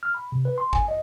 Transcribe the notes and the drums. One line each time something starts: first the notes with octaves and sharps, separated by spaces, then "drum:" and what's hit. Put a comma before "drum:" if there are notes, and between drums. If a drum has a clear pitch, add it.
F6
B5
C3
B4
C6
G#5, drum: kick
D#5